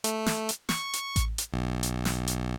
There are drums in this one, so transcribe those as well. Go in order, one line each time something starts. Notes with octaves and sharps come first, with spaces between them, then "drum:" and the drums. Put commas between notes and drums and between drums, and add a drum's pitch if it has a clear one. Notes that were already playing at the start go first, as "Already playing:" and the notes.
A3, drum: hi-hat
drum: snare
drum: hi-hat
C#6, drum: snare
drum: hi-hat
drum: kick A1, hi-hat
drum: hi-hat
B1
drum: hi-hat
drum: snare
drum: hi-hat